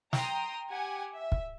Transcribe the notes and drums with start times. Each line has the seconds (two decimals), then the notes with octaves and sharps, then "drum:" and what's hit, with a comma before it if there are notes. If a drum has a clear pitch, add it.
0.13 G5 A#5 C6 D#6, drum: snare
0.70 G4 F#5 G#5
1.16 E5
1.32 drum: kick